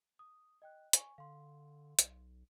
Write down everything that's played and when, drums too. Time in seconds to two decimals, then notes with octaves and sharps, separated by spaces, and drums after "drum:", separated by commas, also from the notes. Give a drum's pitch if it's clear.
0.19 D#6
0.62 D#5 G5 F#6
0.93 G#5 C#6, drum: hi-hat
1.18 D3 F5 C6
1.99 B1, drum: hi-hat